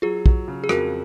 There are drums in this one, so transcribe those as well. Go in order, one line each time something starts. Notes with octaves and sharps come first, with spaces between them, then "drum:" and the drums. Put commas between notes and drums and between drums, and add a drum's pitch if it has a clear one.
F#3 F4 G#4
F#3, drum: kick
C#3
G#4
F2 F#4 A#4, drum: rim click